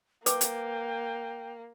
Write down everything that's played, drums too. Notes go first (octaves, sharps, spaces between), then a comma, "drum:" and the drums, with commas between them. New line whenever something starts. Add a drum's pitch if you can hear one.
A#3 B4 G5 D6, drum: hi-hat
drum: hi-hat